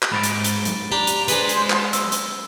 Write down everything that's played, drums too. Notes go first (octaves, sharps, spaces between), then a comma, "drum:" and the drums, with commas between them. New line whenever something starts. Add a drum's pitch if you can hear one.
drum: clap
G#2 B5 A6 D7
drum: hi-hat
drum: hi-hat
drum: hi-hat
D4 G4 A#5 C6
drum: hi-hat
G#3 D4 G#4 B4 C5, drum: hi-hat
drum: hi-hat
drum: clap
E6, drum: hi-hat
drum: hi-hat